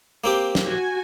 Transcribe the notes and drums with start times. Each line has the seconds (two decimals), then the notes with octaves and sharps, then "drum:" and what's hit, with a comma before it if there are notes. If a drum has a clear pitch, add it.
0.24 A#3 C4 G4
0.55 drum: snare
0.65 F#4 G#5